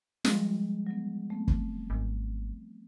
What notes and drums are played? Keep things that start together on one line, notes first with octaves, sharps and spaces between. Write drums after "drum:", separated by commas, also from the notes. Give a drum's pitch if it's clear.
F3 G3 G#3, drum: snare
F#3 B3
A3 B3 C4
drum: kick
G#1